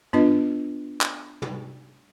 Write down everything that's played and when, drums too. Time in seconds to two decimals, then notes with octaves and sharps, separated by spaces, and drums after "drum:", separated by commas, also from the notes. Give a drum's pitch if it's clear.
0.13 B3 D4 F4 B4 D#5, drum: tom
1.01 drum: clap
1.42 drum: tom